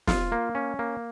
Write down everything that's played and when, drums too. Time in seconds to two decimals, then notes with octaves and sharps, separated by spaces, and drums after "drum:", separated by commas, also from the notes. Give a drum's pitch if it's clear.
0.07 F4, drum: snare
0.32 A#3
0.55 C#4
0.79 A#3